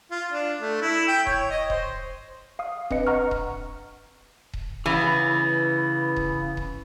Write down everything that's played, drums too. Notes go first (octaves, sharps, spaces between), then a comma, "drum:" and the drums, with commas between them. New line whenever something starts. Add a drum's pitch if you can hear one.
F4
D4
A3
E4
G5
C#5, drum: kick D#1
D#5
C5, drum: kick D#1
F5 D#6
C4 D4 B4 D#5 C#7, drum: kick D#1
B4 D#5 F#5 A#5 C#6 F6
drum: kick D#1
drum: kick D#1
C#3 E3 B3
drum: kick D#1
drum: kick D#1